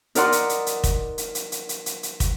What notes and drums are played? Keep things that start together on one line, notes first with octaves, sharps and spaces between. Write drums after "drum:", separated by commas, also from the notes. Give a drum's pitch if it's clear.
D#4 A#4 D5 F#5 C6 D#6, drum: hi-hat
drum: hi-hat
drum: hi-hat
drum: hi-hat
drum: kick, hi-hat
drum: hi-hat
drum: hi-hat
drum: hi-hat
drum: hi-hat
drum: hi-hat
drum: hi-hat
drum: kick, hi-hat